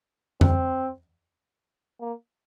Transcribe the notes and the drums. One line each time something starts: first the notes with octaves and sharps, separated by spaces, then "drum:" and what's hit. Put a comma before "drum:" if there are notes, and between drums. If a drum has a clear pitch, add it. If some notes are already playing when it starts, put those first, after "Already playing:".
C4, drum: tom F2
A#3